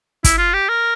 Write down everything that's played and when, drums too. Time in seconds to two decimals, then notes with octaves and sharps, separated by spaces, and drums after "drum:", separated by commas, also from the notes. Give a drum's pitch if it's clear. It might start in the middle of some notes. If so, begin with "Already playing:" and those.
0.24 E4, drum: kick, hi-hat
0.38 F4
0.53 G4
0.69 A#4